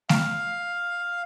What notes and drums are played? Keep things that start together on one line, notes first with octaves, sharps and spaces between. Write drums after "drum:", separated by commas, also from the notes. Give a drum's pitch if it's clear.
F5, drum: snare A3